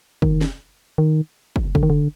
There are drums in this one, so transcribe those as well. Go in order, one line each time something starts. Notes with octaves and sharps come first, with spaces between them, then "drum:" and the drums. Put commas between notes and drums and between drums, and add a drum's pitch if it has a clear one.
D#3, drum: kick
drum: snare
D#3
drum: kick
D3, drum: kick
D#3
D3